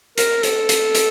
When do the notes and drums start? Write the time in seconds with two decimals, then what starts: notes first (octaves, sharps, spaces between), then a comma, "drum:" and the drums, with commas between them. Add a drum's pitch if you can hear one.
0.18 A#4, drum: hi-hat
0.43 A4, drum: hi-hat
0.69 drum: hi-hat
0.95 drum: hi-hat